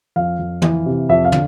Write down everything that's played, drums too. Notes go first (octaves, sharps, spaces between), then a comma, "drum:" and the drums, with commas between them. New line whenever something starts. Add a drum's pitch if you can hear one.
F2 F5
F2
E3, drum: tom
C3
F2 E5
F5
D3, drum: tom